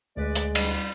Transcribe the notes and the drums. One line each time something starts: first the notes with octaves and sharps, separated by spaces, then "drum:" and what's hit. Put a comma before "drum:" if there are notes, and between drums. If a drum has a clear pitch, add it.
D2 G#3 B4 D5
drum: hi-hat
G3, drum: cymbal